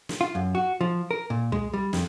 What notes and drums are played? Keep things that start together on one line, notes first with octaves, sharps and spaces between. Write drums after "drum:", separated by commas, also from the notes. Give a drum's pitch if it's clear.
drum: snare
F4
F#2
F#4
F3
A#4
A#2
G#3, drum: kick
G3
F2, drum: snare